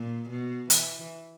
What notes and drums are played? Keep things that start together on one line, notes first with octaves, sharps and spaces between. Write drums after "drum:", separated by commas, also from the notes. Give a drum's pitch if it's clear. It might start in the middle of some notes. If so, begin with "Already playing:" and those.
Already playing: A#2
B2
E3, drum: hi-hat